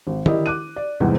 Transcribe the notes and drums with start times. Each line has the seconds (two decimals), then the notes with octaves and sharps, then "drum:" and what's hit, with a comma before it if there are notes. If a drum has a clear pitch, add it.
0.07 G#1
0.26 E4 G4 A#4 D5 D#5, drum: tom D#3
0.46 D6 F#6 D#7
0.76 D5
1.00 E2 G#2 C3 G3 B3 C4